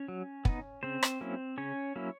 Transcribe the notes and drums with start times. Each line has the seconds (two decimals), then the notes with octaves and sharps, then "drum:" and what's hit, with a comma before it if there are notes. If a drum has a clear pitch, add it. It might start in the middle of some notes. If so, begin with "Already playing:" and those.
Already playing: C#4 C#5
0.08 F#3
0.45 B3 D#4, drum: kick
0.83 C#3 C4 C5
1.03 drum: rim click
1.21 F#3 A#3 C#4 E4
1.58 C#3 C#4 C#5
1.96 F#3 A#3 C#4 E4